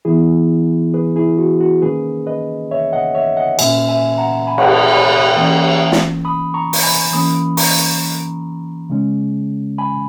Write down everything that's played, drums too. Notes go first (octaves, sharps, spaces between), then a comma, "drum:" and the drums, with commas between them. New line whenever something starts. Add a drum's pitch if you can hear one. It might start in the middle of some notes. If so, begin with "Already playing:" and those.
E3 B3 E4 G#4
G#4 B4
E4 G#4
F#4
F#4
D#3 A#3 C#4 G#4 B4
B4 D#5
C#5 E5
D#5 F#5
C#5 E5
D#5 F#5
A#2 A#3 C#4 E5 G#5, drum: cymbal
E5 G#5
F#5 A#5
G#5 B5
drum: cymbal
G#5 B5
E3 A#3 C#4
drum: snare
B5 D#6
A#5 C#6
drum: open hi-hat
G#5 B5
E3 A#3 C#4 B5 D#6
A#5 C#6, drum: open hi-hat
C#3 G#3 C#4
G#5 B5